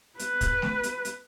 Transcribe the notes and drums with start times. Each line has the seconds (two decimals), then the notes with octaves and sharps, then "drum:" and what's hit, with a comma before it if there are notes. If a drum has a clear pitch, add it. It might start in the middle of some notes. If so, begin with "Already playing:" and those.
0.19 B4, drum: hi-hat
0.41 drum: kick, hi-hat
0.62 drum: snare A3
0.83 drum: hi-hat
1.05 drum: hi-hat